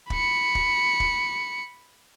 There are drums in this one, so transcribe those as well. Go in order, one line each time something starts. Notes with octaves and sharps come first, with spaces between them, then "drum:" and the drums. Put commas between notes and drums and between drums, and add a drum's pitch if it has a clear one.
B5 C#7, drum: kick
drum: kick
drum: kick